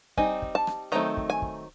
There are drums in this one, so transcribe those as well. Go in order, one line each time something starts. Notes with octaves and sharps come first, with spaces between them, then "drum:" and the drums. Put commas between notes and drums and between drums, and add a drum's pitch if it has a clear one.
G3 C4 D#4 G#5, drum: kick
drum: kick
A5
drum: rim click
D#3 F#3 A3 C4 D#4 A#5
drum: kick
G#5
drum: kick